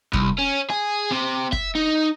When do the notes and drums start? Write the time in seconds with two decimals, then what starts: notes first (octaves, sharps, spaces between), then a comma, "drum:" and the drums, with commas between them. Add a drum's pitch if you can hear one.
0.13 C2, drum: kick
0.39 C#4
0.70 G#4
1.11 C3
1.53 E5, drum: kick
1.75 D#4